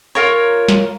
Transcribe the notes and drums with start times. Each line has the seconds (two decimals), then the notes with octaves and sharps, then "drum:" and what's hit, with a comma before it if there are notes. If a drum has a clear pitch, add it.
0.15 F4 A#4 C#5
0.68 drum: snare